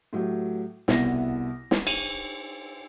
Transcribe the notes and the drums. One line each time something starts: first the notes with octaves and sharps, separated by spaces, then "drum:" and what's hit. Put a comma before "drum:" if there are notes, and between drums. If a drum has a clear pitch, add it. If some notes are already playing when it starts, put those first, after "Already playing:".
A2 F#3 A3 G4
C2 B2 B3 E4 A#6, drum: snare
drum: snare
D#7, drum: cymbal